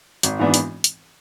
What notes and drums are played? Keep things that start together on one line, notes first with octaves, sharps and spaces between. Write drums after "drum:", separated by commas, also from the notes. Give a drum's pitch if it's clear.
G#1, drum: hi-hat
G#2 E3 B3 D4
drum: hi-hat
drum: hi-hat